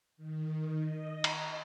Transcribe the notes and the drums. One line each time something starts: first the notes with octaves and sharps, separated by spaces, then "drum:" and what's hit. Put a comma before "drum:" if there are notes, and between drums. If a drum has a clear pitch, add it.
D#3
D#5
drum: cymbal